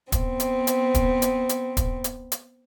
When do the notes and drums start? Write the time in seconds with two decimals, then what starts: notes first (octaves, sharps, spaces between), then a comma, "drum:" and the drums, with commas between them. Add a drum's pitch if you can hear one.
0.12 B3 C4, drum: kick, hi-hat
0.40 drum: hi-hat
0.67 drum: hi-hat
0.94 drum: kick, hi-hat
1.22 drum: hi-hat
1.49 drum: hi-hat
1.77 drum: kick, hi-hat
2.04 drum: hi-hat
2.32 drum: hi-hat